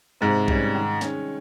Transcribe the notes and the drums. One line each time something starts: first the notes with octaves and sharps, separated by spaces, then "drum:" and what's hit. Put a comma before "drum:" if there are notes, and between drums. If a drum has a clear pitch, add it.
G#2 C3
G3 C#4, drum: kick
D#3
G#3 C#4, drum: snare